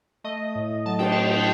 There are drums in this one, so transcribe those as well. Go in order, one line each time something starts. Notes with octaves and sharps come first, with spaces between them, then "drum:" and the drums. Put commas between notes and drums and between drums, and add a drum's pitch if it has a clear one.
A3 D#5
A2
F#3 A5
G5, drum: cymbal
A2 A5